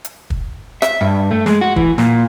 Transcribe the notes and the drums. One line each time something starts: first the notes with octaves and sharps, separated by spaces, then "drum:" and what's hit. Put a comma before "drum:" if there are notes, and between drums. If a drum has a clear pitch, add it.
drum: hi-hat
drum: kick
E5, drum: rim click
G2
A3
G#3, drum: snare
F#4
E3, drum: kick
A#2, drum: snare